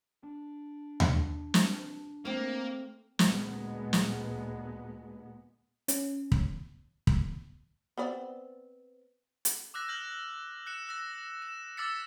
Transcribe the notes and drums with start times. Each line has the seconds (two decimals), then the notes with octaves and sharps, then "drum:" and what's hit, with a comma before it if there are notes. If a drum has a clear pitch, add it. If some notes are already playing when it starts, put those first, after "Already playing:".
0.24 D4
1.00 drum: tom D#2
1.54 drum: snare
2.25 A3 A#3 C4
3.19 D2 A#2 G#3 B3, drum: snare
3.93 drum: snare
5.88 C#4, drum: hi-hat
6.32 drum: kick
7.07 drum: kick
7.98 B3 C4 D5
9.45 drum: hi-hat
9.74 D6 E6 F#6 A#6
9.88 F6 G6 A#6 F#7
10.66 F#6 C#7 E7
10.89 E6 A#6
11.42 E7
11.77 D6 E6 F6 A6 B6 C#7